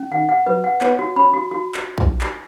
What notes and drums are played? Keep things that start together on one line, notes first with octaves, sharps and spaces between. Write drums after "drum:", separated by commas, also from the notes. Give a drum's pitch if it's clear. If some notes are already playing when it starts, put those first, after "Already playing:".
Already playing: C#4
D#3 F#5
F#5
F#3 B4
F#5
B3 C#5, drum: clap
F#4
C#4 B5
F#4
F#4
drum: clap
drum: kick
drum: clap